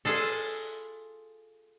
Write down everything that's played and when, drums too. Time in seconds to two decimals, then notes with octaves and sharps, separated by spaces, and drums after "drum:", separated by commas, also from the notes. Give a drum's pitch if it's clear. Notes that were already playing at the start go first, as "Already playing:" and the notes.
0.05 F4 G#4 A4, drum: open hi-hat